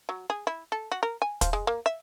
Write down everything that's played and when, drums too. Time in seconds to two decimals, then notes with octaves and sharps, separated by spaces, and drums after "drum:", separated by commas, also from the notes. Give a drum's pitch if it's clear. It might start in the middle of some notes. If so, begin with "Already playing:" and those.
0.09 F#3
0.30 G#4
0.47 E4
0.72 A4
0.92 F#4
1.03 A#4
1.22 G#5
1.41 F3, drum: kick, hi-hat
1.53 G#3
1.67 A#3
1.86 E5